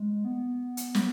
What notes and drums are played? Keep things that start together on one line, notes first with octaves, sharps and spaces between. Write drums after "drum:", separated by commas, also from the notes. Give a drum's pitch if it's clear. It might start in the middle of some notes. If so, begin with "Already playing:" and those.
Already playing: G#3
B3
drum: hi-hat
drum: snare